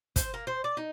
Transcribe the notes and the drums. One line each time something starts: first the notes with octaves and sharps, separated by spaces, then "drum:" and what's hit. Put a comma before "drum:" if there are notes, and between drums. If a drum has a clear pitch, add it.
C5, drum: kick, hi-hat
A#3
C5
D5
D#4